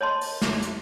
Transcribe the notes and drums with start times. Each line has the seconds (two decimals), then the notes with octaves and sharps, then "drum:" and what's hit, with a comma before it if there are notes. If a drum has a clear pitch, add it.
0.01 C#5 D#5 A5 C6
0.21 drum: open hi-hat
0.42 drum: snare
0.62 drum: hi-hat